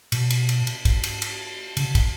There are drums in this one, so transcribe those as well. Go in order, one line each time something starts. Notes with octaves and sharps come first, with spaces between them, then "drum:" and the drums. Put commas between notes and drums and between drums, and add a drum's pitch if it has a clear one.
B2, drum: cymbal
drum: cymbal
drum: cymbal
drum: cymbal
drum: kick, cymbal
drum: cymbal
drum: cymbal
C#3, drum: cymbal
drum: kick, cymbal